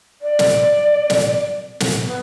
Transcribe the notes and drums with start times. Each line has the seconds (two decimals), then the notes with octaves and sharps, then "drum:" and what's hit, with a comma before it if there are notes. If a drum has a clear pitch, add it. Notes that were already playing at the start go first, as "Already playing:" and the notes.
0.21 D5
0.39 drum: snare
1.10 drum: snare
1.80 drum: snare
2.06 B3